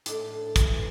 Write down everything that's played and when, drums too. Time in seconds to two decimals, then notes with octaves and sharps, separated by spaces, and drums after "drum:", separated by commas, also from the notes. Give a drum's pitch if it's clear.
0.06 A2 D4, drum: hi-hat
0.31 A2
0.56 E3, drum: kick, hi-hat